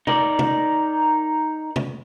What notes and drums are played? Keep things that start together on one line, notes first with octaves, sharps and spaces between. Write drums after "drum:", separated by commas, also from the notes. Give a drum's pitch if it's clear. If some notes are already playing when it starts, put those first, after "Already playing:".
D#4 A#4 D5, drum: tom C3
drum: tom C3
drum: tom C3